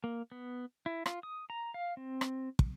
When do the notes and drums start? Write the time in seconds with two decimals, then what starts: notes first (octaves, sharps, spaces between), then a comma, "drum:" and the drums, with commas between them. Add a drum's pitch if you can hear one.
0.04 A#3
0.32 B3
0.86 E4
1.06 F4, drum: rim click
1.23 D#6
1.50 A#5
1.74 F5
1.97 C4
2.21 drum: rim click
2.59 drum: kick